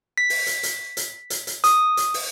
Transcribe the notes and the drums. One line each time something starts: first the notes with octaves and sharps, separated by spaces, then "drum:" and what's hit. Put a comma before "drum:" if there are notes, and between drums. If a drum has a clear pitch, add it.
B6
drum: open hi-hat
drum: hi-hat
drum: hi-hat
drum: hi-hat
drum: hi-hat
drum: hi-hat
D#6, drum: hi-hat
drum: hi-hat
drum: open hi-hat